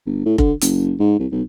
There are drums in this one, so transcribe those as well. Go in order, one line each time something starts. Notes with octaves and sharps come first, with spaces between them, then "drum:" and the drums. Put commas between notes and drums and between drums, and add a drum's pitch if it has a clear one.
G1
A2
D3, drum: kick F1
F#1, drum: hi-hat
G#2
C2
B1